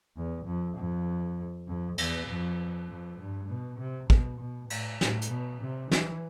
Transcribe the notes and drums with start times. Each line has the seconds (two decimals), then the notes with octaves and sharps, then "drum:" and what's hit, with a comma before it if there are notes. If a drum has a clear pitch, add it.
0.16 E2
0.46 F2
0.77 F2
1.67 F2
1.98 E2, drum: cymbal
2.28 F2
2.89 F2
3.20 G2
3.50 B2
3.79 C3
4.10 B2, drum: kick
4.40 B2
4.70 A2, drum: cymbal
5.01 A2, drum: snare
5.22 drum: hi-hat
5.31 B2
5.62 C3
5.91 E3, drum: snare